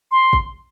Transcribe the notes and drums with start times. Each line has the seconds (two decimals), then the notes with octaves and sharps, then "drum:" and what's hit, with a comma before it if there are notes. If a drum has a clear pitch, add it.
0.12 C6
0.33 drum: kick